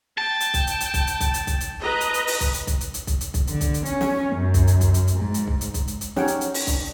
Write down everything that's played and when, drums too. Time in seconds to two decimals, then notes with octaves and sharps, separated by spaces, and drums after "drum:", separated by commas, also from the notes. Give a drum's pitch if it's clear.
0.18 G5 A5
0.40 drum: hi-hat
0.54 drum: kick B1, hi-hat
0.67 drum: hi-hat
0.80 drum: hi-hat
0.94 drum: kick B1, hi-hat
1.07 drum: hi-hat
1.20 drum: kick B1, hi-hat
1.34 drum: hi-hat
1.47 drum: kick B1, hi-hat
1.60 drum: hi-hat
1.82 B4 D#5 A#5
2.01 drum: hi-hat
2.14 drum: hi-hat
2.27 drum: open hi-hat
2.41 drum: kick B1, hi-hat
2.54 drum: hi-hat
2.67 drum: kick B1, hi-hat
2.81 drum: hi-hat
2.94 drum: hi-hat
3.07 drum: kick B1, hi-hat
3.21 drum: hi-hat
3.34 drum: kick B1, hi-hat
3.47 D3, drum: hi-hat
3.61 drum: kick B1, hi-hat
3.74 drum: hi-hat
3.85 C#4, drum: hi-hat
4.01 drum: snare
4.35 F#2
4.54 drum: kick B1, hi-hat
4.67 drum: hi-hat
4.81 drum: kick B1, hi-hat
4.94 drum: hi-hat
5.07 drum: hi-hat
5.17 G#2
5.34 drum: hi-hat
5.47 drum: kick B1
5.61 drum: hi-hat
5.74 drum: kick B1, hi-hat
5.88 drum: hi-hat
6.01 drum: hi-hat
6.16 C#4 D#4 G4 C#5 F#5 G5, drum: snare
6.28 drum: hi-hat
6.41 drum: hi-hat
6.54 drum: open hi-hat
6.67 D4, drum: kick B1, hi-hat